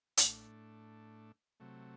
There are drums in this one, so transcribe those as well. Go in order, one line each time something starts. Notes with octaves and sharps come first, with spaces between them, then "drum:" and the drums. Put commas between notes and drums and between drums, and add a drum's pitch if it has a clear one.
A2 A3 D4, drum: hi-hat
C3 F#3 A3